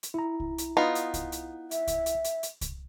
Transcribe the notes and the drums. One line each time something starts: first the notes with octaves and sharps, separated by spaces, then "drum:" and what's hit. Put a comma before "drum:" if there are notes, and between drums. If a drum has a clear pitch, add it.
drum: hi-hat
E4 A#5
drum: kick C2
drum: hi-hat
B3 D#4 F4
drum: hi-hat
drum: kick C2, hi-hat
drum: hi-hat
E5, drum: hi-hat
drum: kick C2, hi-hat
drum: hi-hat
drum: hi-hat
drum: hi-hat
drum: kick C2, hi-hat